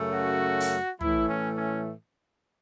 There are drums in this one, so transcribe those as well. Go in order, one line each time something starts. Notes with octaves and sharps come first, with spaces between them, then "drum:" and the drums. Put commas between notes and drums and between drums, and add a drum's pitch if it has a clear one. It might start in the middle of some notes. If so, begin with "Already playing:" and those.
Already playing: F#2 C#3 A3
F#4
drum: open hi-hat
A2 E3 A3 E4, drum: tom
C#4
C#4